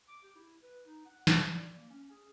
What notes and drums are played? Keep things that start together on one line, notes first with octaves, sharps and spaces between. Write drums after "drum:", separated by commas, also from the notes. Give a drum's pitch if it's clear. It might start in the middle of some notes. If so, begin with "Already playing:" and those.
D6
G4
E4
B4
D#4
F#5
D5, drum: snare
D5
A#3
C#4
G#4